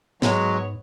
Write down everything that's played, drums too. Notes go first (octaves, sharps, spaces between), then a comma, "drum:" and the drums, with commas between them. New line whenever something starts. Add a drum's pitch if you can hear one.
G#2 F#3 G#3 B3 C#5, drum: snare